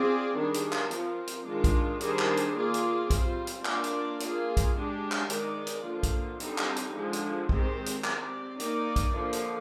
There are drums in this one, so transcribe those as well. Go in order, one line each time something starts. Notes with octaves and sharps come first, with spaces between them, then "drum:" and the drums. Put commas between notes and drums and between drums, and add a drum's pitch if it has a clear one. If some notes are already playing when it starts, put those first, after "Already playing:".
Already playing: C4 F4 G#4 D5
D#3 G3 D4 G#4
drum: hi-hat
drum: clap
F3 C4 F4 A#4, drum: hi-hat
drum: hi-hat
D#3 G#3 D4 F4
drum: kick B1, hi-hat
D#3 G3 D4 G#4 C5, drum: hi-hat
drum: clap
drum: hi-hat
A#3 F4 G#4 D5
drum: hi-hat
G3 C4 F4 C5, drum: kick B1, hi-hat
drum: hi-hat
A#3 D4 F4 A#4 D5, drum: clap
drum: hi-hat
A#3 F4 G#4, drum: hi-hat
drum: kick B1, hi-hat
G#3 D4 G4
drum: clap
D#3 G#3 D#4 A#4 D5, drum: hi-hat
drum: hi-hat
D3 F3 A#3 F4
drum: kick B1, hi-hat
D3 G3 C4 D#4, drum: hi-hat
drum: clap
drum: hi-hat
D3 F3 G#3
drum: hi-hat
D#3 G#3 C4 G4 C5, drum: kick B1
drum: hi-hat
C4 G4 D5, drum: clap
A#3 D#4 A#4 D5, drum: hi-hat
drum: kick B1, hi-hat
D3 F3 A#3
drum: hi-hat